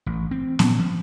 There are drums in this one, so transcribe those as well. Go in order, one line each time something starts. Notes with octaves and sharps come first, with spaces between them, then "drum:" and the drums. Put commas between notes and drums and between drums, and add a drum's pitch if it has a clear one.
A1
C4
A#2, drum: snare B3
F3